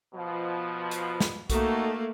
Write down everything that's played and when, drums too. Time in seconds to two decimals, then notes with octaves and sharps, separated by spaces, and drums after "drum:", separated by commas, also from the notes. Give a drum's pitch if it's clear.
0.14 B2 F3
0.91 drum: hi-hat
1.20 drum: snare
1.50 A3 A#3 D#4 F#4 A4, drum: kick B1, hi-hat